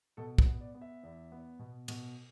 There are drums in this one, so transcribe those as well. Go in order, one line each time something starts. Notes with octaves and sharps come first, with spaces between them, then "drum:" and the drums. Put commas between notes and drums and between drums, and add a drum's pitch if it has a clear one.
B2 A4
B4, drum: kick
B3
D5
B3
E5
E2
B3
B2
B2, drum: cymbal